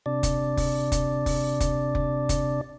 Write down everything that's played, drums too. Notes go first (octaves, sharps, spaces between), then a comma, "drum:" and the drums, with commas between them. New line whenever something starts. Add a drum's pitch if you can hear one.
C3 D4 D5
drum: kick F1, hi-hat
drum: kick F1, open hi-hat
drum: kick F1, hi-hat
drum: kick F1, open hi-hat
drum: kick F1, hi-hat
drum: kick F1
drum: kick F1, hi-hat